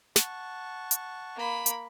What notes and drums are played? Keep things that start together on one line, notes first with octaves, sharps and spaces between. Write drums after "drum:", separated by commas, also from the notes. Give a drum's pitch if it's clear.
F#5 A5 C#6, drum: snare
drum: hi-hat
A#3 B5
drum: hi-hat